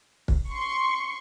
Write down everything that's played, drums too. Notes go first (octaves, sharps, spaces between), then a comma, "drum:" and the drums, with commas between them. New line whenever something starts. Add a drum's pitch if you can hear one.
drum: kick
C6 C#6